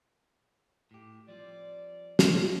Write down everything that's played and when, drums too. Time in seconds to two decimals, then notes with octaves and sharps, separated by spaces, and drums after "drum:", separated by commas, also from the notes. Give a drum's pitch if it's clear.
0.91 A2 G4
1.28 F3 G3 C4 D5
2.19 E3, drum: snare